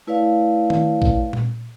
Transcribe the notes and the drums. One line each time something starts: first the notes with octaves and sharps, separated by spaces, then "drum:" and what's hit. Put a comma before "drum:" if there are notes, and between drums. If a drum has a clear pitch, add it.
A3 E4 B4 C#5 D5 F5
drum: tom D#3
drum: kick A1
drum: tom A#2